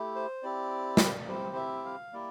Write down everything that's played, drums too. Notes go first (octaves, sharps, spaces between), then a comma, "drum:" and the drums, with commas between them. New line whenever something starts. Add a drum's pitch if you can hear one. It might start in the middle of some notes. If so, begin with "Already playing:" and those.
Already playing: A3 E4 G4
C5
C4 E4 G4 D5
drum: snare
C4 E4 G4 C5
E5
F5
A#3 E4 G4 D5